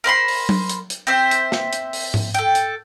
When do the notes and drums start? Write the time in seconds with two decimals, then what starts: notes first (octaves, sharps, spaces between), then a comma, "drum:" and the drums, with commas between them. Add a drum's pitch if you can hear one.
0.04 A#4 C5 B5 C6
0.28 drum: open hi-hat
0.49 drum: tom F#3
0.70 drum: hi-hat
0.90 drum: hi-hat
1.07 C4 C5 E5
1.31 drum: hi-hat
1.52 drum: snare
1.73 drum: hi-hat
1.93 drum: open hi-hat
2.14 drum: tom G#2
2.34 A4 G5, drum: hi-hat
2.55 drum: hi-hat